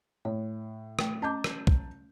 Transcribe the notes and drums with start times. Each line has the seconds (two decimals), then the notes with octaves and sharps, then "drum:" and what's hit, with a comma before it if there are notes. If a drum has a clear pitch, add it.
0.25 A2 C#5
0.99 A3 G5, drum: rim click
1.22 C#4 D#5 A5 A#5 D6 G6
1.44 drum: rim click
1.67 drum: kick